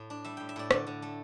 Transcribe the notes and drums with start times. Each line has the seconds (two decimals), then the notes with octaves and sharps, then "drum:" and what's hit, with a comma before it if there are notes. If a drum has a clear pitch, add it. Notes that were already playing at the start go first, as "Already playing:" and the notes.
Already playing: A2
0.10 D4
0.24 G3 E5
0.37 A2 G5
0.49 E5
0.56 A2 D5
0.71 D3 D5, drum: rim click
0.87 D3
1.02 A3